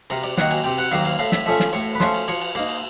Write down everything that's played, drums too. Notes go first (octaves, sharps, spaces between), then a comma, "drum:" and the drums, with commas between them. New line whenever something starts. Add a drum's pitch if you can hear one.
C3 A#4, drum: cymbal
D5, drum: cymbal
D#3 F#3 A#3 F#5, drum: snare
G#5, drum: cymbal
C3 G5, drum: cymbal
F#5, drum: cymbal
D#3 F#3 A#3 F5, drum: cymbal
F5, drum: cymbal
A2 F5, drum: cymbal
E5, drum: snare
F3 A3 C#4 E5
drum: snare
A2 C#5, drum: cymbal
B4
F3 A3 C#4 C5, drum: snare
drum: cymbal
F3 C#5, drum: cymbal
drum: cymbal
A#3 D#4, drum: cymbal
drum: cymbal